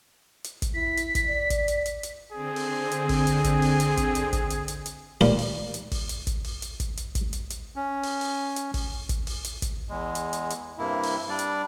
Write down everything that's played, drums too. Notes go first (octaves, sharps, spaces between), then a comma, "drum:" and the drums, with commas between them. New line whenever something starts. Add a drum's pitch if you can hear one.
drum: hi-hat
drum: kick, hi-hat
E4 B6
drum: hi-hat
drum: kick, hi-hat
D5
drum: kick, hi-hat
drum: hi-hat
drum: hi-hat
drum: hi-hat
D3 C4 G#4
drum: open hi-hat
drum: hi-hat
drum: kick, open hi-hat
drum: hi-hat
drum: kick, hi-hat
drum: open hi-hat
drum: hi-hat
drum: kick, hi-hat
drum: hi-hat
drum: kick, hi-hat
drum: hi-hat
drum: hi-hat
drum: hi-hat
D#2 A#2 G3 G4, drum: open hi-hat
drum: open hi-hat
drum: hi-hat
drum: kick, open hi-hat
drum: hi-hat
drum: kick, hi-hat
drum: open hi-hat
drum: hi-hat
drum: kick, hi-hat
drum: hi-hat
drum: kick, hi-hat
drum: hi-hat
drum: hi-hat
C#4
drum: open hi-hat
drum: open hi-hat
drum: hi-hat
drum: kick, open hi-hat
drum: kick, hi-hat
drum: open hi-hat
drum: hi-hat
drum: kick, hi-hat
E2 G#3
drum: hi-hat
drum: hi-hat
drum: hi-hat
G2 C3 A#3 E4
drum: open hi-hat
G3 D4 D5
drum: hi-hat